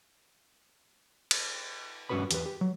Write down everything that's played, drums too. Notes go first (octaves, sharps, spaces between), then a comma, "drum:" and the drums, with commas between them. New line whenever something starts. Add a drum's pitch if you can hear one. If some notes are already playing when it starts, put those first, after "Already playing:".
drum: cymbal
G2 C#4 F#4 B4 B5
E2 G4 B4, drum: hi-hat
G4
F#3